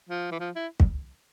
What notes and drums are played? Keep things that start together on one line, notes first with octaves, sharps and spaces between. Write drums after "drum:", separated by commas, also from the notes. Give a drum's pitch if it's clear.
F3
E3
F3
E4
drum: kick